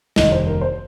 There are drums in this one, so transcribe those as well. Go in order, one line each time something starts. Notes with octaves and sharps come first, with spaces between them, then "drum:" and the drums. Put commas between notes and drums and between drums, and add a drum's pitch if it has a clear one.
F1 D#2 D#3 G3 D#5, drum: snare
C5
A#4
C5